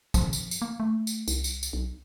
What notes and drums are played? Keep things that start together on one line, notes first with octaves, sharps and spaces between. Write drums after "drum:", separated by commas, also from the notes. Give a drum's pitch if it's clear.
F3, drum: kick, tambourine
drum: tambourine
drum: tambourine
A#3
A3
drum: tambourine
C2, drum: tambourine
drum: tambourine
drum: tambourine
B1